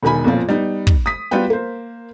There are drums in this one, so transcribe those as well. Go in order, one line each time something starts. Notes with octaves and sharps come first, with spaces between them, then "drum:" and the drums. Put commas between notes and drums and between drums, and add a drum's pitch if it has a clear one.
E1 B1 D#3 G#5 B5
B1 F2 A#2 F3
G3 B3 D#4
drum: kick
D#6 B6
G3 B3 F4 F#4 B4 G5
A#3 C5